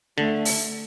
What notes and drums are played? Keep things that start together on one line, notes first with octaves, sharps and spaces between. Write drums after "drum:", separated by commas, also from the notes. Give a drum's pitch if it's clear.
D3 A3
drum: open hi-hat